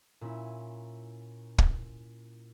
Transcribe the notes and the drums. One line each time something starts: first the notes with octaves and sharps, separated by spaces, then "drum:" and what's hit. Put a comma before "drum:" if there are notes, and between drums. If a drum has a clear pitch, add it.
A#2 C#4 E4
drum: kick